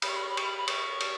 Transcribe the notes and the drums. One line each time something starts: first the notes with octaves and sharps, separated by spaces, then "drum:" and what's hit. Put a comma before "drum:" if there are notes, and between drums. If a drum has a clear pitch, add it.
B5, drum: cymbal
C#6
B5
C#6
B5
C#6, drum: cymbal
B5
B5
C#6, drum: cymbal
drum: cymbal